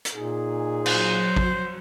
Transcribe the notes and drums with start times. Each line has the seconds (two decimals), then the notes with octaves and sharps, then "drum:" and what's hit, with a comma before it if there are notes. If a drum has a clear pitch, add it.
0.05 drum: hi-hat
0.14 A#2 D#4 G#4
0.86 F#3 C5, drum: cymbal
1.36 drum: kick